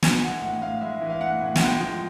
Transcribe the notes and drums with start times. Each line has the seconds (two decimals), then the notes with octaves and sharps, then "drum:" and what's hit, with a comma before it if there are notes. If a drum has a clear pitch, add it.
0.03 G#3 G#5, drum: snare
0.21 E3 F#5
0.41 A2 F#5
0.61 A2 F5
0.81 G#3 E5
1.01 E3
1.10 F5
1.21 A2 F#5
1.41 A2
1.56 F#5, drum: snare
1.61 G#3 G5
1.80 F3